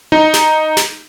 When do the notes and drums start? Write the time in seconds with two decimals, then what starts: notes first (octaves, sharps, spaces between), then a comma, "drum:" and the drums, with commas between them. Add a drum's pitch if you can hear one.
0.12 D#4
0.34 drum: snare
0.77 drum: snare